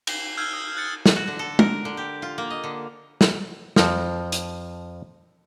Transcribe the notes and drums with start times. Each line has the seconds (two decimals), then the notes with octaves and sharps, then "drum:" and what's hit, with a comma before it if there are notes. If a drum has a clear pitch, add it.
0.07 C7 F#7 G7, drum: cymbal
0.37 E6 F6 G6 G#6 C7
0.53 D#6
0.77 F#6 G6 A6 C#7
1.06 drum: snare
1.16 F#4
1.28 D3
1.39 A4
1.59 A#4, drum: tom
1.85 D3
1.97 G4
2.22 F4
2.38 A#3
2.50 D#5
2.64 D3
3.21 drum: snare
3.76 F2 F3, drum: snare
4.32 drum: hi-hat